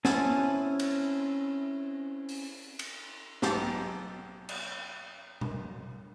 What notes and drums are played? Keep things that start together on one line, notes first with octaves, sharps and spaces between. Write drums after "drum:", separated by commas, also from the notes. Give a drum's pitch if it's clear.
C4 C#4 E4 G#5 A5, drum: snare
drum: cymbal
drum: open hi-hat
drum: cymbal
B1 G#2 G4 A5, drum: snare
drum: cymbal
drum: tom B2